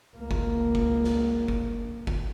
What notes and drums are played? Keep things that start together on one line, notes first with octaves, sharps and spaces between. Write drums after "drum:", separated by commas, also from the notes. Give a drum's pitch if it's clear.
C#2 A#3
drum: kick F#1
drum: kick F#1
drum: snare
drum: kick F#1
drum: kick F#1